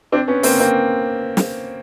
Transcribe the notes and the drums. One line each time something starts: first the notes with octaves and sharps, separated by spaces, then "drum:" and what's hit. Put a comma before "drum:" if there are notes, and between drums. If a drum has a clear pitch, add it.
C4 D4
B3 C#4
A#3 C4, drum: open hi-hat
A#3 C4
drum: snare